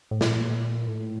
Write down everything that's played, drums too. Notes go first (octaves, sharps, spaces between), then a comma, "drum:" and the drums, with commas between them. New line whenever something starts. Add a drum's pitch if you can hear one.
A2
A#2, drum: snare
A2